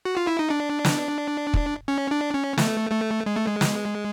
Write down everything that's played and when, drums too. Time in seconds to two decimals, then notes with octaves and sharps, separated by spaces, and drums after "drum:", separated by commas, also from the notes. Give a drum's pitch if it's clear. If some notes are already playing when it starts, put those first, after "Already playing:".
0.05 F#4
0.17 F4
0.27 E4
0.39 D#4
0.50 D4
0.85 drum: snare
1.54 drum: kick
1.88 C#4
2.11 D4
2.34 C#4
2.58 A3, drum: snare
2.91 A3
3.26 G#3
3.36 A3
3.47 G#3
3.61 drum: snare